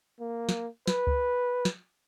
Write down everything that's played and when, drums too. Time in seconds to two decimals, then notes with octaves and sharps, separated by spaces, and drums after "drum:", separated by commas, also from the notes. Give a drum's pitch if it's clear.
0.20 A#3
0.49 drum: snare
0.88 B4, drum: snare
1.07 drum: kick C#2
1.65 drum: snare